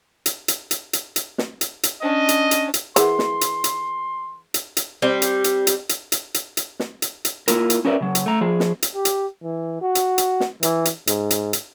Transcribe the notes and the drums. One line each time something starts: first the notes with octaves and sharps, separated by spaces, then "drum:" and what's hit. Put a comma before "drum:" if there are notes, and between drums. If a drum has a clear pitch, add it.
drum: hi-hat
drum: hi-hat
drum: hi-hat
drum: hi-hat
drum: hi-hat
drum: snare
drum: hi-hat
drum: hi-hat
C#4 D4 D#5
drum: hi-hat
drum: hi-hat
drum: hi-hat
E3 G#4 A#4 F#5 C6, drum: hi-hat
drum: snare
drum: hi-hat
drum: hi-hat
drum: hi-hat
drum: hi-hat
G3 C4
drum: hi-hat
drum: hi-hat
drum: hi-hat
drum: hi-hat
drum: hi-hat
drum: hi-hat
drum: hi-hat
drum: snare
drum: hi-hat
drum: hi-hat
A#3 E4 F4 A#4, drum: hi-hat
drum: hi-hat
C#4 G4 A#4 B4 D5 E5
C#3 F#3
drum: hi-hat
A3 A#5
F3 G#4
drum: snare
drum: hi-hat
G4
drum: hi-hat
E3
F#4
drum: hi-hat
drum: hi-hat
drum: snare
E3, drum: hi-hat
drum: hi-hat
G#2, drum: hi-hat
drum: hi-hat
drum: hi-hat